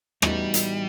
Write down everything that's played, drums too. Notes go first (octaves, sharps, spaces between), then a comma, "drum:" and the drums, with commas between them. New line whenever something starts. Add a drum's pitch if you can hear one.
A2 E3 G3 B3 D#4 F#4, drum: rim click
drum: hi-hat